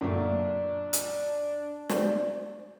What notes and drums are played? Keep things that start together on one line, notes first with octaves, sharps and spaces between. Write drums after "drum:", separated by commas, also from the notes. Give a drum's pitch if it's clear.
F#2 A#2 A3 D4
drum: hi-hat
C5 D5, drum: snare